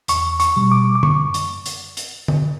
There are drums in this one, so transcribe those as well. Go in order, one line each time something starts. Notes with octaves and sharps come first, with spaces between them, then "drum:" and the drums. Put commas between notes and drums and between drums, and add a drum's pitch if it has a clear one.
E2 C#6, drum: hi-hat
C#6, drum: hi-hat
B2 G3
D6
D6
F#2 C#6, drum: tom D3
drum: hi-hat
drum: hi-hat
drum: hi-hat
drum: tom D3